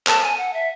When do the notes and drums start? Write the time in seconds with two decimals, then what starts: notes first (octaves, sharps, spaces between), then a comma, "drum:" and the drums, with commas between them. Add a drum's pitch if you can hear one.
0.07 A5, drum: clap
0.23 G#5
0.38 F#5
0.54 E5